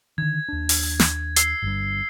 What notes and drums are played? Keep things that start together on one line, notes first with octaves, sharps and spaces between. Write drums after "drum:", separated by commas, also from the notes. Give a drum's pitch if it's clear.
D3 D#3 G#6
D#2 D4
drum: open hi-hat
drum: snare
E6 C7, drum: hi-hat
G1 G2